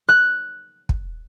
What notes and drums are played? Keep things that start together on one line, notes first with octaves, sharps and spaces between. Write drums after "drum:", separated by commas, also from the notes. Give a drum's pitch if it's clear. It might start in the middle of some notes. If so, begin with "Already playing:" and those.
F#6
drum: kick